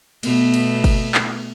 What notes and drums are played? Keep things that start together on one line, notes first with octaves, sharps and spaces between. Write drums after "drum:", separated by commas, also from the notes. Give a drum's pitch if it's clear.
B2 A3 B3, drum: cymbal
drum: cymbal
drum: kick G1, cymbal
drum: clap